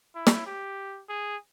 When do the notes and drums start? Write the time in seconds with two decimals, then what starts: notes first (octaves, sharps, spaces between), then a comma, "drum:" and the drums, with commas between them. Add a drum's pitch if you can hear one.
0.15 E4
0.27 drum: snare
0.46 G4
1.09 G#4